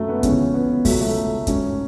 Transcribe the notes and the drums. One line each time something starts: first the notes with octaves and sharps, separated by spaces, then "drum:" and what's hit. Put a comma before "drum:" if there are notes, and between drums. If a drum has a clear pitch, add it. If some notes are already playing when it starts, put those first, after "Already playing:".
Already playing: F#2 A3
B3
B3
C#2 C#3 E3 C#4, drum: kick, hi-hat
B3
C#2 B2 F#3 A3, drum: kick, open hi-hat
A3
G#2 F#3 C#4, drum: kick, hi-hat